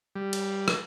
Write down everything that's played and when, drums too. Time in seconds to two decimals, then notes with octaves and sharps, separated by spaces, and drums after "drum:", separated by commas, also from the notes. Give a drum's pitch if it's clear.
0.15 G3
0.33 drum: cymbal
0.68 drum: rim click